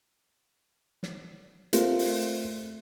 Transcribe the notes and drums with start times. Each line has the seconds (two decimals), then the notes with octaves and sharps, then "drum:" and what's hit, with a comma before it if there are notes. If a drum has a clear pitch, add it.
1.03 drum: snare
1.73 A3 C4 F4 A#4, drum: hi-hat
1.99 drum: open hi-hat